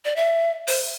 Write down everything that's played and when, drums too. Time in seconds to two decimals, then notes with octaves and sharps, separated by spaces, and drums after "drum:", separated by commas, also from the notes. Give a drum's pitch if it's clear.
0.05 D5
0.16 E5
0.68 C5, drum: open hi-hat